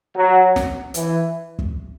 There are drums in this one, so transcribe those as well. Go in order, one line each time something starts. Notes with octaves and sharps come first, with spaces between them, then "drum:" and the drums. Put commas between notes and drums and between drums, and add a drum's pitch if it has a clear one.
F#3
drum: snare
E3, drum: hi-hat
drum: kick